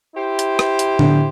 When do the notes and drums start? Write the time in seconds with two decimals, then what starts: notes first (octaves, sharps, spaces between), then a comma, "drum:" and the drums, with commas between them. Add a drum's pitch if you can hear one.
0.15 E4 G4 C5
0.39 drum: hi-hat
0.59 drum: rim click
0.79 drum: hi-hat
0.99 D3, drum: tom A2